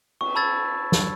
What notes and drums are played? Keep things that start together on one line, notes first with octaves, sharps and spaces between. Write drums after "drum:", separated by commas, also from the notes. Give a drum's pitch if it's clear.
C#6, drum: cymbal
A5 B5 E6 G#6 A6
drum: snare